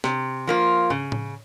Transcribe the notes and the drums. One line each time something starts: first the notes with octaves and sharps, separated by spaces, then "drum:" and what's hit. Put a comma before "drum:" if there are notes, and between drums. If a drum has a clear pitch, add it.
C3, drum: snare
F3 A#3 F4
C#3, drum: tom
drum: tom A2